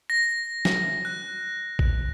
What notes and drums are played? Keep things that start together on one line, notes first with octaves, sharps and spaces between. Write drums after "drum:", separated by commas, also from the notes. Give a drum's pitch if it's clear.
A#6
drum: snare
F#6
drum: kick A1